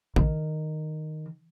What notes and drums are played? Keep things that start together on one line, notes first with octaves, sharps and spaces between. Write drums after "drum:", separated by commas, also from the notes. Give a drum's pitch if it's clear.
D#3, drum: kick A1